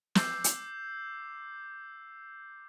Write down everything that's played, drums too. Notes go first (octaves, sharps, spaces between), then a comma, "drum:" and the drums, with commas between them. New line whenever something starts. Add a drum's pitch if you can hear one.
D6 E6 G6 C7, drum: snare
drum: hi-hat